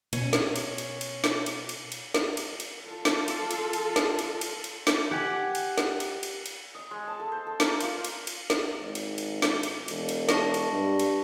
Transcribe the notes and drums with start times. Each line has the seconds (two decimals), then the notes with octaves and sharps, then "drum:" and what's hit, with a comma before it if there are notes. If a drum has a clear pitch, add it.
0.13 B2 C#4, drum: cymbal
0.33 drum: snare
0.56 drum: cymbal
0.78 drum: cymbal
1.01 drum: cymbal
1.24 drum: snare
1.46 drum: cymbal
1.69 drum: cymbal
1.92 drum: cymbal
2.14 drum: snare
2.37 drum: cymbal
2.60 drum: cymbal
2.86 F4 A4
3.05 drum: snare
3.28 drum: cymbal
3.51 drum: cymbal
3.73 drum: cymbal
3.96 drum: snare
4.19 drum: cymbal
4.41 drum: cymbal
4.64 drum: cymbal
4.87 drum: snare
5.11 G4 F#5 G#5
5.55 drum: cymbal
5.78 drum: snare
6.00 drum: cymbal
6.23 drum: cymbal
6.46 drum: cymbal
6.75 D#5
6.91 G#3
7.07 A5
7.20 A4
7.32 C5
7.47 A4
7.60 A#4, drum: snare
7.81 F4, drum: cymbal
8.04 drum: cymbal
8.27 drum: cymbal
8.50 drum: snare
8.80 G#1
8.95 drum: cymbal
9.18 drum: cymbal
9.42 G7, drum: snare
9.63 drum: cymbal
9.88 E1, drum: cymbal
10.09 drum: cymbal
10.29 A5 C#6 A#6, drum: snare
10.54 drum: cymbal
10.72 G2
10.99 drum: cymbal